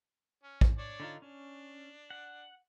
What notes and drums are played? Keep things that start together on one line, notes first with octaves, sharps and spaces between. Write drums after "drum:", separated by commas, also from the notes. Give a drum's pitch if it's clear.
C#4
drum: kick A1
D4 C#5 D5
D3 D#4 F4
C#4 D4
F#5